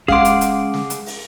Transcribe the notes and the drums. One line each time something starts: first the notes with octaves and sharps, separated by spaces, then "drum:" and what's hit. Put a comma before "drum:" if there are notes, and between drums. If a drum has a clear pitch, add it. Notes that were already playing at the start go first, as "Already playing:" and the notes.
G#3 C#4 G#4 F5 F#5 C6 D6, drum: kick
drum: hi-hat
drum: hi-hat
drum: snare
drum: hi-hat
drum: open hi-hat